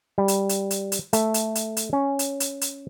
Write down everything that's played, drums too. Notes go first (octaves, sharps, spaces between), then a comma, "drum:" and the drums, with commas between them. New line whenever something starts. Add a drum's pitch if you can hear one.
G3
drum: hi-hat
drum: hi-hat
drum: hi-hat
drum: hi-hat
A3, drum: hi-hat
drum: hi-hat
drum: hi-hat
drum: hi-hat
C#4
drum: hi-hat
drum: hi-hat
drum: hi-hat